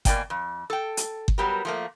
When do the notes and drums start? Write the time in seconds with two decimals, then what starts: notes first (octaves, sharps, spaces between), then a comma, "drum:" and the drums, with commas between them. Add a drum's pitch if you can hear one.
0.05 B2 A#3 A4 D5 G5 G#5, drum: kick G1, hi-hat
0.30 F2
0.70 A4 G5
0.97 drum: hi-hat
1.28 drum: kick G1
1.38 F#3 G3 B3 G4 A#4
1.65 F3 A3 A#3